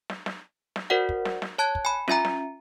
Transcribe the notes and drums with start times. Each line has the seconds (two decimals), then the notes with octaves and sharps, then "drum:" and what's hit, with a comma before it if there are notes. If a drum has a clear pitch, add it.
0.10 drum: snare
0.26 drum: snare
0.76 drum: snare
0.90 F#4 A#4 C5 D5 F#5
1.09 drum: kick
1.25 drum: snare
1.42 drum: snare
1.58 C#5 A5 F#6 G#6
1.75 drum: kick
1.85 G#5 B5
2.08 C#4 F4 E5 G#5 A#5, drum: snare
2.25 drum: snare